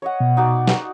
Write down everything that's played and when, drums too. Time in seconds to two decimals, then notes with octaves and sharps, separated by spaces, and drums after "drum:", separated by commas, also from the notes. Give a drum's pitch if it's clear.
0.02 C#5 D#5 F#5
0.20 B2
0.37 D#4 F#4 D5
0.67 F#4, drum: snare